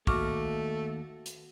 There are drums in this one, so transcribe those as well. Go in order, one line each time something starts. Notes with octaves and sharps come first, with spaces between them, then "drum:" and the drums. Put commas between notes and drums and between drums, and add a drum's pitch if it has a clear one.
D#2 A3 F#4 C#6 D6 F6, drum: kick
drum: hi-hat